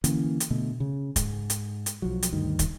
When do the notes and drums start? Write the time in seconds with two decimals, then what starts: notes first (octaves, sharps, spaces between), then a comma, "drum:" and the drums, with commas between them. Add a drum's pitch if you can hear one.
0.04 D3 E3 A#3 C#4, drum: hi-hat
0.40 drum: hi-hat
0.50 B2 D3 A3
0.80 C#3
1.16 G#2, drum: kick, hi-hat
1.50 drum: hi-hat
1.86 drum: hi-hat
2.02 B1 F3 F#3
2.23 drum: hi-hat
2.33 D2 G2 D#3
2.59 drum: kick, hi-hat